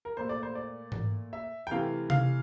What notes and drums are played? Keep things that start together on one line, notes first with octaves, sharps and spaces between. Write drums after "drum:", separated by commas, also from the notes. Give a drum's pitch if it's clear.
A#4
A#2 A3 C5
D5
C5
D5
drum: tom G#2
E5
G5
C3 E3 A3 F5
F5, drum: tom C3